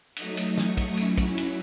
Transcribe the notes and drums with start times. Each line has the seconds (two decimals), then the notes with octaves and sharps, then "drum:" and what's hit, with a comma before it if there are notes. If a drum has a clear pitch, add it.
0.16 F#3 A3 D#4 D#6, drum: cymbal
0.37 drum: cymbal
0.58 C#6, drum: snare
0.77 drum: kick, cymbal
0.97 F#3 C#4 E4, drum: cymbal
1.18 drum: kick, cymbal
1.38 drum: cymbal